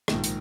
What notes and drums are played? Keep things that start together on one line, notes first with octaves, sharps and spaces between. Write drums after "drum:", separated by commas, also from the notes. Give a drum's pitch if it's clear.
A#1 G#2 D#3, drum: rim click
drum: hi-hat